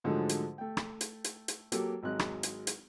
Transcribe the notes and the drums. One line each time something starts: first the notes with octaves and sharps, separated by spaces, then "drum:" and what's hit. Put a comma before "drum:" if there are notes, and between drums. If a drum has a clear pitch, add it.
G#2 D3 F3 F#3 G#3 A3
drum: hi-hat
A3 G5
drum: rim click
drum: hi-hat
drum: hi-hat
drum: hi-hat
F#3 A#3 G4 A4, drum: hi-hat
G#1 F#3 G#3 F#6
drum: rim click
drum: hi-hat
drum: hi-hat